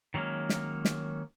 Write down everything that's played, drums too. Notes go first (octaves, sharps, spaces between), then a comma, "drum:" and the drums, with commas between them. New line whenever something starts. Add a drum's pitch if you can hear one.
D#3 F#3 G#3 A#3 C#4
drum: snare
drum: snare